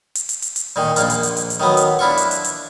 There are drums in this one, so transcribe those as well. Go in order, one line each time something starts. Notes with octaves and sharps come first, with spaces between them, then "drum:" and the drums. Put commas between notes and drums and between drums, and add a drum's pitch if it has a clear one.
drum: hi-hat
drum: hi-hat
drum: hi-hat
drum: hi-hat
A#2 D#3
A#1 A#3 F4, drum: hi-hat
drum: hi-hat
drum: hi-hat
drum: hi-hat
drum: hi-hat
D#3 F#3 B3
drum: hi-hat
D4 E4 F4 C#6
drum: hi-hat
drum: hi-hat
drum: hi-hat